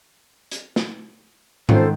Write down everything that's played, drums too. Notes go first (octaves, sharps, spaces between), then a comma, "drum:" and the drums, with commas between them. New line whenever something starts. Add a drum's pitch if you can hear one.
drum: hi-hat
drum: snare
G#2 D#3 C#4 F4 A4 C5, drum: tom G#2